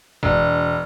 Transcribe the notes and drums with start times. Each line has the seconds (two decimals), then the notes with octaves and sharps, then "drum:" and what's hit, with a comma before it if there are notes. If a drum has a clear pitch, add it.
0.23 E1, drum: kick F#1